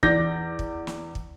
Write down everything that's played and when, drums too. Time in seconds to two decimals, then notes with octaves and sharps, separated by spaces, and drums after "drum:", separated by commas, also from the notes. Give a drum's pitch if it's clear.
0.03 E2 D5 D6 G6 A#6, drum: kick
0.59 drum: kick
0.87 drum: snare
1.15 drum: kick